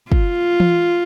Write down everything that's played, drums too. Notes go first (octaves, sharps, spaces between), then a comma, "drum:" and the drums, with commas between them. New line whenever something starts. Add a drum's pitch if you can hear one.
F4, drum: kick
drum: tom E3